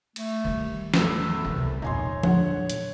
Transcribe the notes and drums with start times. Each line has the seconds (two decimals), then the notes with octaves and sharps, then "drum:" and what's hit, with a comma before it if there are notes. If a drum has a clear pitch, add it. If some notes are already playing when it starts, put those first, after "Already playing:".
0.16 A3, drum: cymbal
0.44 D#3 G3
0.94 E2 A2 A4, drum: snare
1.45 C2 C3
1.82 E2 A#2 D#4 C#5 G#5 C6
2.23 D3 F#5, drum: tom F3
2.70 drum: hi-hat